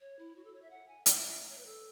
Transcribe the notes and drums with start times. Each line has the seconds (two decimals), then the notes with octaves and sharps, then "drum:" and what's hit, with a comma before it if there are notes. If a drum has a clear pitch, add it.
0.01 C#5
0.19 E4
0.36 F#4
0.45 A4
0.54 C#5
0.62 E5
0.70 F#5
0.88 G#5
1.06 F#5, drum: hi-hat
1.16 E5
1.29 E5
1.49 C#5
1.58 B4
1.66 A4